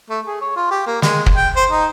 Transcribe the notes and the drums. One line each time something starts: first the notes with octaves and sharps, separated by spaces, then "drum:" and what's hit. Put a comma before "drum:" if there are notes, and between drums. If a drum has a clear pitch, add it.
A3
G#4
C#5
F4
G4
A#3
G#3, drum: snare
drum: kick
G5
C5
D#4